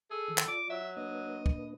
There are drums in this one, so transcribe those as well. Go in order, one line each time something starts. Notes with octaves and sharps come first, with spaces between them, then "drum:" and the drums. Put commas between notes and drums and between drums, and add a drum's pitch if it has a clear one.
G#4 A4
D#3 F3
drum: clap
F4 D5 D6
F#3 E5
A#3 D4 B4 D#5
drum: kick